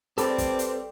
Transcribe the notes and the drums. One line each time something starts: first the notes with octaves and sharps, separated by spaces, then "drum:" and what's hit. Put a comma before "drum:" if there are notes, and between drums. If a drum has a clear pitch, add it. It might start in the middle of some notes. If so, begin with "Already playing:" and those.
G3 C4 A4 B4 D5 D6, drum: hi-hat
drum: kick, hi-hat
drum: hi-hat